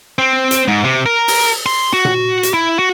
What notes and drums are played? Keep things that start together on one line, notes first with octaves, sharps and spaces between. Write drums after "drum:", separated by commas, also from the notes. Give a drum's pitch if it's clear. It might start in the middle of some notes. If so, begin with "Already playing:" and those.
C4
drum: hi-hat
G#2
C3
A#4
drum: open hi-hat
C6
F#4
drum: tom A#2
drum: hi-hat
E4
F#4